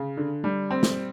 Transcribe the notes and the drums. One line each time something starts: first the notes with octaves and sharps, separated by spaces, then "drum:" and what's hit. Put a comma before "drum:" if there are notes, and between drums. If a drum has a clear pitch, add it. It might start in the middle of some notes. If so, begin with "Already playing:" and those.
Already playing: C#3
D3
G3
C4
drum: snare